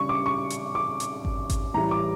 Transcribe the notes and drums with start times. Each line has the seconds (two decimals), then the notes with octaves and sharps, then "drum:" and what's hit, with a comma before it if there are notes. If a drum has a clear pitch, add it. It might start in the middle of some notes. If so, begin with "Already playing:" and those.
Already playing: C#3 G3 D4 C#6
0.09 D6
0.26 C#6
0.50 drum: hi-hat
0.75 D6
1.00 drum: hi-hat
1.25 drum: kick G#1
1.50 drum: kick G#1, hi-hat
1.74 A2 E3 G3 A#5
1.91 D6